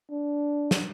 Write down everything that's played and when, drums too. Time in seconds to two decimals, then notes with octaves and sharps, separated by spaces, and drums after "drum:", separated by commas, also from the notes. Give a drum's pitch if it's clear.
0.11 D4
0.71 drum: snare